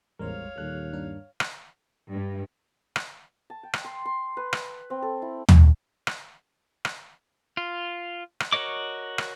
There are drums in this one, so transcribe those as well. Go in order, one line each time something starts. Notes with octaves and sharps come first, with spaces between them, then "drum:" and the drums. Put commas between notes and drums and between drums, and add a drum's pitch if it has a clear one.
A1 E2 G3 G#3 A#4 C5 C#5 F5
D#2 A#2 G3 A4 F#6
G2 D4 A#4
drum: rim click
G2
drum: rim click
A5
G5
drum: rim click
C6
C6
B4
B5, drum: rim click
C4
A4
E4
drum: tom
drum: rim click
drum: rim click
F4
drum: rim click
F#4 A#4 C#5 D#5 D6
drum: rim click